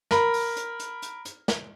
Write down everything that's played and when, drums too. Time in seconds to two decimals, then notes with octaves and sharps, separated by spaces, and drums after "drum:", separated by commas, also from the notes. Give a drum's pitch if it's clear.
0.11 A#4 B5, drum: snare
0.34 drum: open hi-hat
0.56 drum: hi-hat
0.79 drum: hi-hat
1.02 drum: hi-hat
1.25 drum: hi-hat
1.48 drum: snare